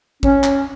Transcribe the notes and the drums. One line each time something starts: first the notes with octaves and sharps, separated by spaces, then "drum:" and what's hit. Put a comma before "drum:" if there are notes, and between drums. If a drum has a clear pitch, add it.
C#4, drum: kick G#1
drum: clap